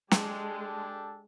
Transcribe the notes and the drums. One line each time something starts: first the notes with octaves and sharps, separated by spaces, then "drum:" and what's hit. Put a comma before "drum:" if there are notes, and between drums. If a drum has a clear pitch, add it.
G#3 D4 G4 A4, drum: snare